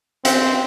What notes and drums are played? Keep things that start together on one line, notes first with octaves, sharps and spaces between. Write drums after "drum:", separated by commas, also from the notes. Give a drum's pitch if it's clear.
C4, drum: hi-hat